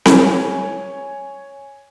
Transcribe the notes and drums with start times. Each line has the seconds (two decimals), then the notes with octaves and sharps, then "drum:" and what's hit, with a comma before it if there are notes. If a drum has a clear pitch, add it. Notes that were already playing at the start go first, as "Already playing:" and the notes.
0.06 C#5 G#5, drum: snare C4